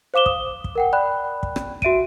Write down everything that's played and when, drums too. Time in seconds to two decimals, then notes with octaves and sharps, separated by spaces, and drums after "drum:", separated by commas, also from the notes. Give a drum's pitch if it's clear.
0.14 C5 F5 D6 E7 G7
0.26 D#6, drum: kick
0.64 drum: kick
0.75 A#4 F#5 G5
0.93 D5 G5 B5 F#6
1.43 drum: kick
1.56 drum: rim click
1.82 F#4 E5 D7 D#7, drum: kick